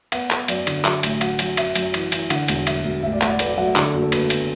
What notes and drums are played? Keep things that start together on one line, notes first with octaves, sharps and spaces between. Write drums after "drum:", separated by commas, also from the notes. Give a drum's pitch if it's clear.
B3 F#5, drum: cymbal
B3, drum: clap
F#2 D5, drum: cymbal
D3, drum: cymbal
F#3 E5, drum: clap
A1, drum: cymbal
F#3 F#5, drum: cymbal
F#3, drum: cymbal
F#2 E5, drum: cymbal
F#2, drum: cymbal
E3, drum: cymbal
E3, drum: cymbal
D3 F#5, drum: cymbal
E1, drum: cymbal
F#3 E5, drum: cymbal
E1
A1 E5
D5
A1 F#5, drum: clap
D5
A3 B4, drum: cymbal
D5
F#3 F#5
E5
D3 D5, drum: clap
A4
F#1 F#4
A4
F#1 B4, drum: cymbal
B3, drum: cymbal